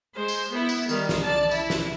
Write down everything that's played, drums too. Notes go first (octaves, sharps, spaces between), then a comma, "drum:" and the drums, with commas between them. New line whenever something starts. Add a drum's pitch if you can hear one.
G#3 C5
drum: tambourine
B3 E4
drum: tambourine
D#3 G3, drum: tambourine
drum: snare
D5 A5
E4, drum: tambourine
drum: snare